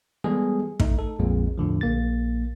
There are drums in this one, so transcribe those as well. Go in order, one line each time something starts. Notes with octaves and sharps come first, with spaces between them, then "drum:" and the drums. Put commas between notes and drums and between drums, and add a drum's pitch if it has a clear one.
E3 G3 G#3 B3 G#4 A4
A3 D#4, drum: kick
A4
A#1 F2 A#2 G#3
E2 A2 D3 F3
A#1 A#3 A6